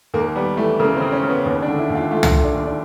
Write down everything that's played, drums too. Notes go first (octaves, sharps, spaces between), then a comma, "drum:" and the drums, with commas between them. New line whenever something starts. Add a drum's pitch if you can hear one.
D#2 A#3
G3 B3
E3 A3
C#3 A#3
C4
C#3
C#4
C#3
B3
D#2 B3
D4
D3
E4
D#2
F4
A3 F4
drum: tom
A3
D4
D#2
D4